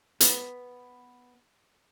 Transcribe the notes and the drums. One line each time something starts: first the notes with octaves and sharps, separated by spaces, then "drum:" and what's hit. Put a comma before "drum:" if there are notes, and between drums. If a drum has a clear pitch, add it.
B3, drum: hi-hat